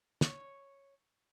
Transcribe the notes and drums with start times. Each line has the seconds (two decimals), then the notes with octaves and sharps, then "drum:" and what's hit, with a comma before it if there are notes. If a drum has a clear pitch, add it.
0.21 C#5, drum: snare